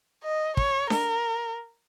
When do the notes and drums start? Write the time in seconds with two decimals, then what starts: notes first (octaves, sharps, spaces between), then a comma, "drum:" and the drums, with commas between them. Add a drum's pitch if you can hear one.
0.24 D#5
0.57 C#5, drum: kick
0.90 A#4, drum: snare D4